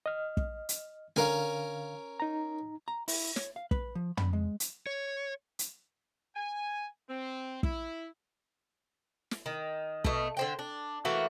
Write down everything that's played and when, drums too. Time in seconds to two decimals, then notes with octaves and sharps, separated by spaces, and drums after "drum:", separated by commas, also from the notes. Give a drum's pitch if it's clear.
0.06 D#5 F6
0.37 drum: kick
0.69 drum: hi-hat
1.16 D3 C#4 A#4 F5 G#5, drum: snare
2.20 D#4 A#5
2.88 A#5
3.08 E4, drum: open hi-hat
3.36 C#5, drum: snare
3.56 F5
3.71 B4, drum: kick
3.95 F3
4.17 B5, drum: tom
4.33 G#3
4.60 drum: hi-hat
4.87 C#5
5.59 drum: hi-hat
6.36 G#5
7.09 C4
7.63 E4, drum: kick
9.31 drum: snare
9.46 D#3
10.04 B2 A3, drum: kick
10.37 D3 C5 G5
10.59 D4
11.05 E3 A3 A#3 F#4